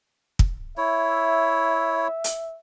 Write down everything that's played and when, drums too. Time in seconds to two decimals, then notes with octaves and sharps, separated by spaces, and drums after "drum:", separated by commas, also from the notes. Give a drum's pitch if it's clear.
0.39 drum: kick
0.78 E4 C#5 E5
2.24 drum: hi-hat